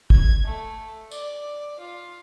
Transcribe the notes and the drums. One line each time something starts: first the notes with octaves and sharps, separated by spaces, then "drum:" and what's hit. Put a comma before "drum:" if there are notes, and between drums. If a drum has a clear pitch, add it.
G#6, drum: kick
A3
D5, drum: tambourine
F4